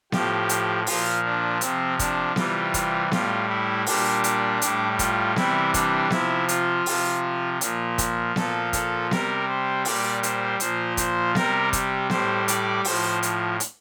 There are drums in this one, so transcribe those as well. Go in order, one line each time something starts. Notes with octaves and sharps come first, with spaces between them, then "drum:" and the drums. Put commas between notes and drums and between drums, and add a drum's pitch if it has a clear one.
A2 F3 G4, drum: snare B3
drum: hi-hat
A#2 F3 F4, drum: open hi-hat
D4
C3 F3 C4, drum: hi-hat
D4, drum: kick, hi-hat
C3 E3 G3 F4, drum: snare B3
drum: kick, hi-hat
A2 G3 F4, drum: snare B3
E4
A#2 G3 D4, drum: open hi-hat
drum: hi-hat
A2 G3, drum: hi-hat
F4, drum: kick, hi-hat
C3 E3 G3 E4, drum: snare B3
D4, drum: kick, hi-hat
C3 F3 E4, drum: snare B3
F4, drum: hi-hat
C3 F3, drum: open hi-hat
A#2 F3, drum: hi-hat
drum: kick, hi-hat
A#2 F3 A4, drum: snare B3
A4, drum: kick, hi-hat
C3 G3 A#4, drum: snare B3
C5
A#2 G3 D5, drum: open hi-hat
C5, drum: hi-hat
A#2 F3 C5, drum: hi-hat
C5, drum: kick, hi-hat
C3 G3 A#4, drum: snare B3
drum: kick, hi-hat
A2 G3 C5, drum: snare B3
D5, drum: hi-hat
A2 F3 C5, drum: open hi-hat
drum: hi-hat
drum: hi-hat